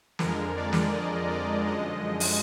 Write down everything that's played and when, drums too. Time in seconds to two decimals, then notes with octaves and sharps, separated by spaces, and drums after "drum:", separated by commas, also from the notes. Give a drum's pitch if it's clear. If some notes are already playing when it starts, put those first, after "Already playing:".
0.19 F2 D3 F3 G#3 A#4, drum: snare
0.56 D5
0.73 drum: snare
0.93 D#5
1.29 D5
1.66 F#2 D3 F3 G#3 D#5
2.20 drum: open hi-hat